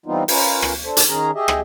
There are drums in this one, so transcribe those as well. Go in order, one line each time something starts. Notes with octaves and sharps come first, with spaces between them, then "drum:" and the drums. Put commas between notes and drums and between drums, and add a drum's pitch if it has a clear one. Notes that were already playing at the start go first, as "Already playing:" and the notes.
E3 G3 B3 C4 D#4 F4
C#4 F4 A#4 B4, drum: open hi-hat
drum: rim click
D4 A4 C5
drum: hi-hat
D#3 C#4 G#4 A#4 A#5
G4 G#4 D#5 E5
drum: rim click